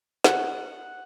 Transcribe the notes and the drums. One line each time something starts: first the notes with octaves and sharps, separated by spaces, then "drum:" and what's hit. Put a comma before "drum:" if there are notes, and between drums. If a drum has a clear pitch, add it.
F#5, drum: snare